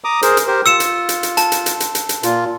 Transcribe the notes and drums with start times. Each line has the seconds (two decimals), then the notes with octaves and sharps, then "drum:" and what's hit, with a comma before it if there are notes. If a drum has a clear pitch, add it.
0.04 A#5 D6 D#6
0.22 G#4 A#4 C5, drum: hi-hat
0.37 drum: hi-hat
0.47 G4 A#4 C5
0.66 F4 E6 C#7 E7
0.80 drum: hi-hat
1.09 drum: hi-hat
1.23 drum: hi-hat
1.37 A5, drum: hi-hat
1.52 drum: hi-hat
1.66 drum: hi-hat
1.80 drum: hi-hat
1.95 drum: hi-hat
2.09 drum: hi-hat
2.23 A#2 F4, drum: hi-hat